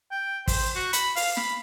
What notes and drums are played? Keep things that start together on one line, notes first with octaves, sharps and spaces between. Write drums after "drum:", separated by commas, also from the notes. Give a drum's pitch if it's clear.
G5
C5, drum: kick, open hi-hat
F#4
B5, drum: hi-hat
F5, drum: open hi-hat
B5, drum: snare